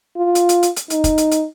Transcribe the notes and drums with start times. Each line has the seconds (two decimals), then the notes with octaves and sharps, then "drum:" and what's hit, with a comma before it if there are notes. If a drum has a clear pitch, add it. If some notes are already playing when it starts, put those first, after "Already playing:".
0.16 F4
0.35 drum: hi-hat
0.49 drum: hi-hat
0.63 drum: hi-hat
0.76 drum: hi-hat
0.90 D#4, drum: hi-hat
1.04 drum: kick, hi-hat
1.18 drum: hi-hat
1.31 drum: hi-hat